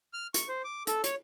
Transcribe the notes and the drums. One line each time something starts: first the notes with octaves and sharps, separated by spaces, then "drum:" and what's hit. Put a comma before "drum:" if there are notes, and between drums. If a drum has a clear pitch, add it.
F6
C#6, drum: hi-hat
C5
D6
A4, drum: hi-hat
C#5, drum: hi-hat